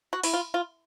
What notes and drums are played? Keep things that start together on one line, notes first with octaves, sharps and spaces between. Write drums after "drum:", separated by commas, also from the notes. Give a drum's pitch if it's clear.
F#4
E4, drum: open hi-hat
F4
F4